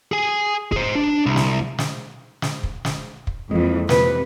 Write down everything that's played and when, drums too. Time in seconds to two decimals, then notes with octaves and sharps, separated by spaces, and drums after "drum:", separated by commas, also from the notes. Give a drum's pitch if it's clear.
0.12 G#4 G#5
0.72 G#4 C5, drum: kick
0.95 D4
1.26 C2
1.36 drum: snare
1.78 drum: snare
2.42 drum: snare
2.63 drum: kick
2.85 drum: snare
3.27 drum: kick
3.51 F2 E3 F3 G#3 A#3
3.89 C3 B4, drum: snare